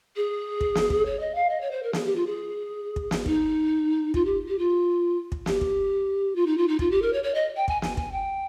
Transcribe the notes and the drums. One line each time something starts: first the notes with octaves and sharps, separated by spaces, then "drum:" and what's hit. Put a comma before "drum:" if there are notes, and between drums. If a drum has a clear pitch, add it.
G#4
drum: kick
drum: snare
drum: kick
C#5
D#5
F5
D#5
C#5
C5
A#4
G#4, drum: snare
G4
F4
G#4
drum: kick
drum: snare
D#4, drum: kick
F4, drum: kick
G4
G4
F4
drum: kick
G4, drum: snare
drum: kick
F4
D#4
F4
D#4
F4, drum: kick
G4
A#4
C#5
C#5
D#5
G5
G#5, drum: kick
G#5, drum: snare
G#5, drum: kick
G5